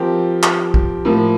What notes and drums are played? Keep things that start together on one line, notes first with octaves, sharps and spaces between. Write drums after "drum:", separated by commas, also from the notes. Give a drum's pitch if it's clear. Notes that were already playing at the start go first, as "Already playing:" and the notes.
Already playing: F3 C4 G4 A#4
drum: clap
drum: kick
A2 F3 A#3